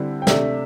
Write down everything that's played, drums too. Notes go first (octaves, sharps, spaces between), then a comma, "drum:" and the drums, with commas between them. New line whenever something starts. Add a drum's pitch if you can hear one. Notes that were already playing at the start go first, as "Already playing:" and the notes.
Already playing: D3 G3 C4 E4
G5
C3 A3 D4 E5, drum: snare